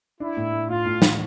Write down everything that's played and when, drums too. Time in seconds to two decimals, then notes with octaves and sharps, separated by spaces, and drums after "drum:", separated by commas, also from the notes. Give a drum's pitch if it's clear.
0.20 D4 E4
0.37 A2
0.53 A2
0.69 A2 F4
0.85 A2
1.02 A2, drum: snare